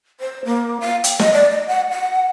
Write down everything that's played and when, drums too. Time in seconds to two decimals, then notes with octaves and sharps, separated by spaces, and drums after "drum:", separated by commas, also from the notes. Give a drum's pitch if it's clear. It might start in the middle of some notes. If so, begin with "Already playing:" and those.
0.20 C5
0.45 A#3
0.81 F5
1.04 G5, drum: hi-hat
1.19 D#5, drum: snare
1.33 D5
1.51 D#5
1.67 F#5
1.91 F#5